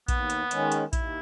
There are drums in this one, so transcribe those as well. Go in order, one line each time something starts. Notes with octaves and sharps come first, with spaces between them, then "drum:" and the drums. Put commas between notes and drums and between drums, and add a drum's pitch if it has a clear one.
D#2 B3, drum: kick A#1, hi-hat
drum: hi-hat
D#3 G#3 C#4, drum: hi-hat
drum: hi-hat
D#2 E4, drum: kick A#1, hi-hat